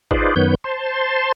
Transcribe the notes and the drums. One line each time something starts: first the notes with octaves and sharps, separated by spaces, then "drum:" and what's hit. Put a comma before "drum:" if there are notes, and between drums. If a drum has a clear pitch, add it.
D#4 F4 G#4 B4 C5 D5, drum: kick
F#2 D#3 B3 B4 C#5 G6
C5 A5 C6